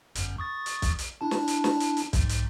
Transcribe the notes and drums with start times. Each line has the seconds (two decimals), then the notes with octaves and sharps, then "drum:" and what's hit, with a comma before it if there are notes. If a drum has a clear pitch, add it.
0.15 G1 F#2, drum: hi-hat
0.38 C#6 D#6 A6
0.66 drum: hi-hat
0.82 drum: kick B1, hi-hat
0.99 drum: hi-hat
1.21 D4 E4 A5
1.31 drum: snare
1.48 drum: hi-hat
1.64 drum: snare
1.80 drum: hi-hat
1.97 drum: hi-hat
2.13 B1 G#2, drum: kick B1, hi-hat
2.29 drum: hi-hat